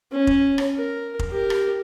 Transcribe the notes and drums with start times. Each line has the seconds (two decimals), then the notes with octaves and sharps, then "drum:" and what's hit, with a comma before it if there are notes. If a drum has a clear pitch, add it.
0.12 C#4
0.27 drum: kick F1
0.58 drum: rim click
0.77 A#4
1.19 drum: kick F1
1.30 G4 A#4
1.50 drum: rim click